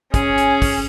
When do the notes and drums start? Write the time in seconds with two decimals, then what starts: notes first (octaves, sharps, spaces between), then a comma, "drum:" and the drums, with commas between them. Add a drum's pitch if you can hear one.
0.14 C#4 G#4, drum: kick, hi-hat
0.38 drum: hi-hat
0.62 drum: kick, open hi-hat